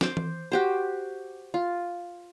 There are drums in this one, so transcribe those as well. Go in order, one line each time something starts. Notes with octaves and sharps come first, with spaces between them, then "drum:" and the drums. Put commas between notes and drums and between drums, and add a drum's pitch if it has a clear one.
C5 D6, drum: snare
drum: tom E3
F#4 G4 C5
F4